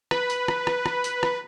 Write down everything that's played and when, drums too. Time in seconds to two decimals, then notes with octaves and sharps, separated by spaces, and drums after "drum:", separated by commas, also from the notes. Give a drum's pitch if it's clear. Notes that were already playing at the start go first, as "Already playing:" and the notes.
0.11 B4, drum: rim click
0.30 drum: hi-hat
0.48 drum: rim click
0.67 drum: rim click
0.86 drum: rim click
1.04 drum: hi-hat
1.23 drum: rim click